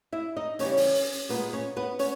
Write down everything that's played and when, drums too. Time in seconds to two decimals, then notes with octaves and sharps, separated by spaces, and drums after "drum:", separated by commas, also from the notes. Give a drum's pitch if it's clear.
0.12 E4 E5
0.37 D#4 D#5
0.59 C#3 E3 G3 C#4 C#5, drum: hi-hat
0.77 drum: open hi-hat
0.95 drum: hi-hat
1.12 drum: hi-hat
1.29 A#2 G#3 B3 B4, drum: hi-hat
1.53 C#4 C#5
1.77 B3 B4
1.99 C#4 C#5, drum: hi-hat